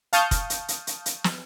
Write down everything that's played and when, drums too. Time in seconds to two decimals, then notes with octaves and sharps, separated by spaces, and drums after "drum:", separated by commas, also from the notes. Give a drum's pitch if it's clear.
0.13 F5 A5 C#6 D#6 F6 G6, drum: hi-hat
0.31 drum: kick F1, hi-hat
0.50 drum: hi-hat
0.68 drum: hi-hat
0.87 drum: hi-hat
1.06 drum: hi-hat
1.24 drum: snare